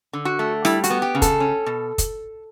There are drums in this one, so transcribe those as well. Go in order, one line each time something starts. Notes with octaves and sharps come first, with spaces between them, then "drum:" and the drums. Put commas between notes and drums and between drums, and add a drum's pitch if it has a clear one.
D3
F#4
A3
G3 E4, drum: rim click
F#4, drum: hi-hat
B3
G4
C#3
A4, drum: kick, hi-hat
C#4
B2
drum: kick, hi-hat